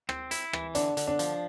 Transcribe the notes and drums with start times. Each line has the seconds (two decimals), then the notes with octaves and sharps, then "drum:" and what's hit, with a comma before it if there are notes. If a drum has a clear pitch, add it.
0.09 C4, drum: rim click
0.31 E4, drum: hi-hat
0.53 E3, drum: rim click
0.75 D3 D4, drum: hi-hat
0.97 D3, drum: hi-hat
1.07 D4
1.19 F3, drum: hi-hat